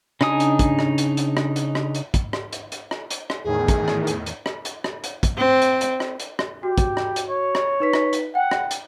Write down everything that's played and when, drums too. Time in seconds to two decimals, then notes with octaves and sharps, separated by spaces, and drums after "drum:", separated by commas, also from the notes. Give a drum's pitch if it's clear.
0.21 C#3 D4 D#4 G#5 D#6, drum: rim click
0.40 drum: hi-hat
0.59 drum: kick, hi-hat
0.79 drum: rim click
0.98 drum: hi-hat
1.17 drum: hi-hat
1.37 drum: rim click
1.56 drum: hi-hat
1.75 drum: rim click
1.95 drum: hi-hat
2.14 drum: kick, hi-hat
2.33 drum: rim click
2.53 drum: hi-hat
2.72 drum: hi-hat
2.91 drum: rim click
3.10 drum: hi-hat
3.30 drum: rim click
3.44 E2 A2 D#3 G#4
3.68 drum: kick, hi-hat
3.88 drum: rim click
4.07 drum: hi-hat
4.26 drum: hi-hat
4.46 drum: rim click
4.65 drum: hi-hat
4.84 drum: rim click
5.04 drum: hi-hat
5.23 drum: kick, hi-hat
5.37 C4
5.62 drum: hi-hat
5.81 drum: hi-hat
6.00 drum: rim click
6.20 drum: hi-hat
6.39 drum: rim click
6.63 F#4 G4
6.78 drum: kick, hi-hat
6.97 drum: rim click
7.16 drum: hi-hat
7.29 C#5
7.55 drum: rim click
7.80 D#4 B4 B6
7.93 drum: rim click
8.13 drum: hi-hat
8.35 F#5 G5
8.51 drum: rim click
8.71 drum: hi-hat